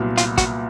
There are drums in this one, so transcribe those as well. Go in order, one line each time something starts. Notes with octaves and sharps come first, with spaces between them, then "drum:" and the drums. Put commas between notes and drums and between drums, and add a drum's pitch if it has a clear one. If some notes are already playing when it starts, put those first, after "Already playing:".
Already playing: C2 A#2 F#3 B3
F4, drum: hi-hat
F#4, drum: kick, hi-hat